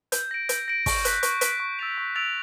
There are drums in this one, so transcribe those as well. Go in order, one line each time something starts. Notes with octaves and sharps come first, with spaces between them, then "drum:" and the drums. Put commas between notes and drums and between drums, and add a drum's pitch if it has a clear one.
G6, drum: hi-hat
A#6 D7
G6, drum: hi-hat
A#6 D7
C#6, drum: kick, open hi-hat
F#6 B6, drum: hi-hat
C#6, drum: hi-hat
F#6 B6, drum: hi-hat
C#6
E6 A6 D7 F7
C#6
E6 A6 D7 F7